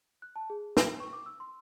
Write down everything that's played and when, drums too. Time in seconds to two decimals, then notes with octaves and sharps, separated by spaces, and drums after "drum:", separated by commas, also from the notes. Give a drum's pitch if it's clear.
0.22 F#6
0.36 A5
0.50 G#4
0.77 G5, drum: snare
1.00 C#6
1.13 D6
1.26 E6
1.40 C6